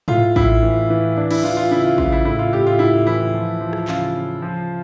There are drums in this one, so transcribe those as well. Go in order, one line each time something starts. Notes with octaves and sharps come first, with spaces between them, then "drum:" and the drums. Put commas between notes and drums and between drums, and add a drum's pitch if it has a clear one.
A2 F4, drum: tom
A2 E4, drum: kick A1
E3
E3
E3 D4
E4, drum: cymbal
E3 F4
F4
C#3 E4
F4
C#3 F4, drum: kick A1
E4
A2 E4
F4
A2 G4
F4
A2 E4
E3 E4
F3
F3
drum: rim click
C#3 F4, drum: clap
C#3
F3